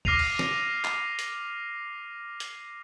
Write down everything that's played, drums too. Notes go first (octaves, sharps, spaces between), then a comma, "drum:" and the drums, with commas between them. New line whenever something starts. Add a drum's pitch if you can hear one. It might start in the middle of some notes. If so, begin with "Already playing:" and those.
D6 F6 A#6 C7 D#7 F7, drum: kick C#2
drum: cymbal
drum: snare
drum: clap
drum: hi-hat
drum: hi-hat